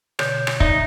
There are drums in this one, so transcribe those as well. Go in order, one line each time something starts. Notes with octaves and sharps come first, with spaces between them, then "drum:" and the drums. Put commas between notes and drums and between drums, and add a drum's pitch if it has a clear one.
B2 D3 C#5 G6, drum: rim click
drum: rim click
D#4 D5 E5, drum: kick